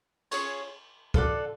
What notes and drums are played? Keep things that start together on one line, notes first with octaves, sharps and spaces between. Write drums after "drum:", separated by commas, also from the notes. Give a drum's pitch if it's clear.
C#4 F4 G#4 C#5, drum: cymbal
F4 A4 D5 F#5, drum: kick